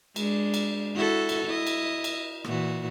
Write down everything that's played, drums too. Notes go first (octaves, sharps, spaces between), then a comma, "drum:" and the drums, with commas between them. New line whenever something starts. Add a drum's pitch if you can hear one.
G#3 D4, drum: cymbal
drum: cymbal
E4 F#4 A4
drum: cymbal
E4 D#5
drum: cymbal
drum: cymbal
A#2 E3 F#4, drum: rim click